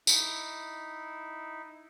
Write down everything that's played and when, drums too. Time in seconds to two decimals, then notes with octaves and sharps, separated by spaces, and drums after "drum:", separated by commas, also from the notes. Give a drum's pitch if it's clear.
0.07 D#4 E4, drum: tambourine